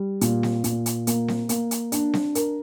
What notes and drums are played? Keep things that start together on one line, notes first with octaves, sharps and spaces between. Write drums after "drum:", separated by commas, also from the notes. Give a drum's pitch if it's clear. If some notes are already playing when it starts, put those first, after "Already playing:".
Already playing: G3
A#2, drum: hi-hat
drum: snare C4
A#2, drum: hi-hat
drum: hi-hat
A#3, drum: hi-hat
drum: snare C4
A#3, drum: hi-hat
drum: hi-hat
D4, drum: hi-hat
drum: snare C4
A#4, drum: hi-hat